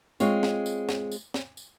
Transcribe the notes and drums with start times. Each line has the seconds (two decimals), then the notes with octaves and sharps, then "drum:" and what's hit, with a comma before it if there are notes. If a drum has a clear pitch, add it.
0.20 G#3 C4 F4 C#5, drum: tambourine
0.43 drum: snare
0.66 drum: tambourine
0.89 drum: snare
1.11 drum: tambourine
1.34 drum: snare
1.57 drum: tambourine